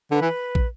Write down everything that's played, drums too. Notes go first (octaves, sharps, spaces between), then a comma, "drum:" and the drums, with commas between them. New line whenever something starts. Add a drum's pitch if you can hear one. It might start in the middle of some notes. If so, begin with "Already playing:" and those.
D3 B4
E3
drum: kick